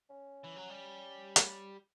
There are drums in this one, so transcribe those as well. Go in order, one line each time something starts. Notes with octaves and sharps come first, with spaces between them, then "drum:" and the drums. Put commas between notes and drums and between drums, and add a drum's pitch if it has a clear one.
C#4
E3
F#3
G3
drum: hi-hat